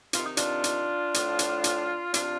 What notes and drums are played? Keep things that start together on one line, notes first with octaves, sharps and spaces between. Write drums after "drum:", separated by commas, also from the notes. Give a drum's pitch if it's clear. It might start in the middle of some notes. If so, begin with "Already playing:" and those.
C3 D#3 F4, drum: hi-hat
D#4
D4 F4, drum: hi-hat
drum: hi-hat
A2 F3, drum: hi-hat
drum: hi-hat
drum: hi-hat
C3 F3 D4 F4, drum: hi-hat